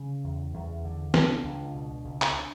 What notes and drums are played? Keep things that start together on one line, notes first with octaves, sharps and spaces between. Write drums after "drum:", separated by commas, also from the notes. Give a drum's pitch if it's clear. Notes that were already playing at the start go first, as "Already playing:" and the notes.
Already playing: C#3 C#4
E2
E2
D3
C#2 D4, drum: snare
C#2
B2
C#2
drum: clap